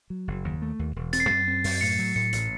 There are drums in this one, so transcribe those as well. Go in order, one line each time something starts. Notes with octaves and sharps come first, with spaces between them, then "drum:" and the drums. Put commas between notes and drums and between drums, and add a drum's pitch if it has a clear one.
F#3
F#1
D#2
A3
D#2
E1
C4 A6, drum: hi-hat
C7
F#2 A6
C4
F#2, drum: open hi-hat
A2 C#7
F#3
A2 C#7
A1, drum: hi-hat